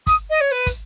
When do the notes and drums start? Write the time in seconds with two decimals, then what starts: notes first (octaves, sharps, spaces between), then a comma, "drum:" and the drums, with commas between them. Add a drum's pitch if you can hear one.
0.07 D#6, drum: kick, hi-hat
0.30 D#5
0.41 C#5
0.51 B4
0.67 drum: kick, hi-hat